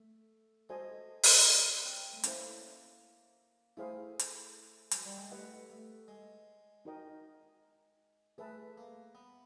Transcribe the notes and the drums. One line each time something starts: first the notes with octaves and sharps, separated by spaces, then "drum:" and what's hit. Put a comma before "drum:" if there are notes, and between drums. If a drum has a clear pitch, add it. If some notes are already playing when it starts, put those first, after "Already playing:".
Already playing: A3
G#3 F#4 A4 C5 D#5 G#5
drum: open hi-hat
D4
C4
A3
A#3 C#4 E4 A4 C5 E5, drum: hi-hat
A3 E4 G#4 C5 F5
drum: hi-hat
F#3, drum: hi-hat
G3
G#3
A3 G4 B4 D#5 F#5
A3
G#3
D#4 F#4 A#4 D#5 G5
A3 G#4 B4 E5 A5
A#3
B3